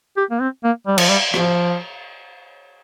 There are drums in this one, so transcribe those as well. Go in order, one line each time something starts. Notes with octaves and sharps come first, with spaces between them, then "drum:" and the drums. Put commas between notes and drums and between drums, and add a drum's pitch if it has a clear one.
G4
A#3
C4
A#3
G3
F3, drum: cymbal
G3
F3, drum: rim click